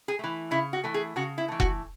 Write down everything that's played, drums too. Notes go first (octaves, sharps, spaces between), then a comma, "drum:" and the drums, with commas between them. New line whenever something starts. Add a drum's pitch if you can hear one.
G#4
E3 A3
C#3 E4
F#4
E3 A3
G#4
C#3 F#4
E4
E3 A3
F#4, drum: kick F1